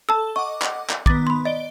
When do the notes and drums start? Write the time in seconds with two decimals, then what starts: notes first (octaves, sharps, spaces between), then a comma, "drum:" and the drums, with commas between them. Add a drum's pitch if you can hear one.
0.09 A4 A5 E6
0.36 D#5 F#5 C#6 D6
0.62 drum: clap
0.90 drum: clap
1.06 D#3 B3 D6 A6, drum: kick
1.27 B5 C6
1.45 D5 D#5 D7 G7